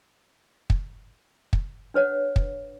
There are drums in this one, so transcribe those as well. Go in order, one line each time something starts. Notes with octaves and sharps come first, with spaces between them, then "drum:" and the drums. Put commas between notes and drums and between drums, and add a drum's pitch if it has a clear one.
drum: kick
drum: kick
D4 B4 C#5 F#5
drum: kick